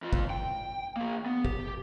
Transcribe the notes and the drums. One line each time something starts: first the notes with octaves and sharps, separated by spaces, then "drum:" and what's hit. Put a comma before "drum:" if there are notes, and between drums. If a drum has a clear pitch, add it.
F2 F3
drum: kick
G5
F3 A#3
B3
G4, drum: kick